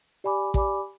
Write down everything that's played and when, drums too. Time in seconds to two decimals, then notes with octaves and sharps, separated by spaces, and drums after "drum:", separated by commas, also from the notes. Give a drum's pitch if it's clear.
0.24 G4 D5 G#5 B5 D6
0.54 G4 D5 G#5 B5 D6, drum: kick A1